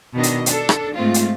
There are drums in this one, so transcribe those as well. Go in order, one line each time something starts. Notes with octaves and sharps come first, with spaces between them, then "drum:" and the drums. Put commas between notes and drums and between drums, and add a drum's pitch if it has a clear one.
B2 D#3 D4 D#5
drum: hi-hat
D4 A4, drum: hi-hat
drum: rim click
G#2 G#3 A3 C4 F4
drum: hi-hat